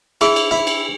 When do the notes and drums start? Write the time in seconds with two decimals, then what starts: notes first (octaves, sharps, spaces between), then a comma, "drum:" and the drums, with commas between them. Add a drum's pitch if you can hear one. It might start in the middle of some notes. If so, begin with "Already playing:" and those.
0.21 E4 G#4, drum: cymbal
0.36 drum: cymbal
0.51 E4
0.67 drum: cymbal